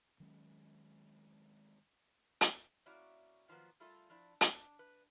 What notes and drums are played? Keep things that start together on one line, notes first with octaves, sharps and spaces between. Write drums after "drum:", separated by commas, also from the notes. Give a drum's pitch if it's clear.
D#3 F#3 G#3 C#4
drum: hi-hat
A#3 C#4 E4 F#4 D5
D#3 F3 F#3 A#3 B3
G3 A3 A#3 F4 A4
F3 D4 E4 D5
D4, drum: hi-hat
B4